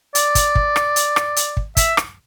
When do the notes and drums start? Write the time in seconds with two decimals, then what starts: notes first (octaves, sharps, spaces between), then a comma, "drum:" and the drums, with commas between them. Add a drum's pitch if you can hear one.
0.15 D5, drum: hi-hat
0.35 drum: kick, hi-hat
0.55 drum: kick
0.76 drum: rim click
0.96 drum: hi-hat
1.16 drum: rim click
1.36 drum: hi-hat
1.57 drum: kick
1.77 E5, drum: kick, hi-hat
1.97 drum: rim click